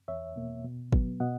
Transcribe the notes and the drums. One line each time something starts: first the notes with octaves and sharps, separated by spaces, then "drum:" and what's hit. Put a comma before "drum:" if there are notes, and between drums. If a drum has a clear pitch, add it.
E2 C#5 E5
B2 A#3
B2
F#3 B3, drum: kick
B2 D#5 F#5